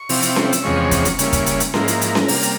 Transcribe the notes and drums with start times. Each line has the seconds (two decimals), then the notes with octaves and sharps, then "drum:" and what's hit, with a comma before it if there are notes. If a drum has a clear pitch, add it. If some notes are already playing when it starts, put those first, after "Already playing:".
Already playing: C#6
0.09 C3 F3 C4 E4, drum: open hi-hat
0.22 drum: hi-hat
0.36 drum: snare C#4
0.53 E6, drum: hi-hat
0.63 E2 C3 F3 G#3 C#4 C#6
0.91 drum: kick, hi-hat
1.05 drum: hi-hat
1.19 C#3 G3 A#3 C#4 E4, drum: hi-hat
1.33 drum: kick, hi-hat
1.46 drum: hi-hat
1.60 drum: hi-hat
1.74 G#2 F3 A#3 E4 A#5, drum: snare C#4
1.88 drum: hi-hat
2.01 drum: hi-hat
2.15 drum: snare C#4
2.28 C3 G3 A#3, drum: open hi-hat
2.43 drum: hi-hat